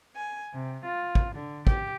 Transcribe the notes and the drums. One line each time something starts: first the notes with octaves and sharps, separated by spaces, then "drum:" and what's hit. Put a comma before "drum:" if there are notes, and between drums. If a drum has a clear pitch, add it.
G#5
C3
F4
drum: kick
D3
G4, drum: kick